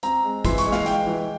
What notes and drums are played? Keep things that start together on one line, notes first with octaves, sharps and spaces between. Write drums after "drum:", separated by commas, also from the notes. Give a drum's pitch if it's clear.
C4 A#5, drum: hi-hat
G#3
E3 C6, drum: kick, hi-hat
C#6, drum: hi-hat
G#3
F5, drum: snare
G#3 G5, drum: hi-hat
E3